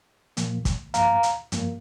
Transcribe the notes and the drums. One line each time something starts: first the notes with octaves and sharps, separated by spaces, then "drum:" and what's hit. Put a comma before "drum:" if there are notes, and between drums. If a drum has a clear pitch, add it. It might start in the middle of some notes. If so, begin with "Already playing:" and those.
A#2 F3 A#3, drum: hi-hat
drum: kick, hi-hat
G2 F3 A#3 F5 A#5, drum: hi-hat
drum: hi-hat
G2 F3 A#3, drum: hi-hat